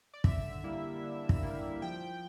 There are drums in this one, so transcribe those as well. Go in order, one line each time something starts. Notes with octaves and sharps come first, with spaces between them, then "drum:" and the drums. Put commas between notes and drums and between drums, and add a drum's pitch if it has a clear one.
D5
D3 E5, drum: kick
G3 A#3 E4
D3
drum: kick
G3 A#3 E4
F3 G5